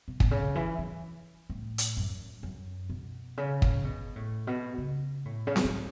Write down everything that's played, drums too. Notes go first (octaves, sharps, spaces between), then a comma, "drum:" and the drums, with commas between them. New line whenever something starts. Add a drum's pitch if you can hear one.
B2
B2, drum: kick
C#3
E3
E3
A2
drum: hi-hat
F#2
F#2
B2
C#3
drum: kick
B2
A2
B2
C#3
A2
C#3
B2, drum: snare C4
A2